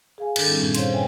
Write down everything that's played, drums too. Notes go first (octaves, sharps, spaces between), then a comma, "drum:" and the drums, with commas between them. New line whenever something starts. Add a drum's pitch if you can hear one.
G#4 F5 G#5
G#2 D#3 D4 A4 A6, drum: cymbal
G3 C4 D4 E4
G2 A#2 E3 B3 C#4 D4
C5 C#5 F5 C6, drum: hi-hat
B4 C#5 E5 G5 G#5